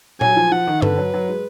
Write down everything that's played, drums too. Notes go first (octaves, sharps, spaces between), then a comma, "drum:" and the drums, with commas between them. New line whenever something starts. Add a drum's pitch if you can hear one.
F#3 G#5, drum: tom A#2
F3
F3 F#5
D#3
D3 B4, drum: tom G2
F#3
F#3
G#3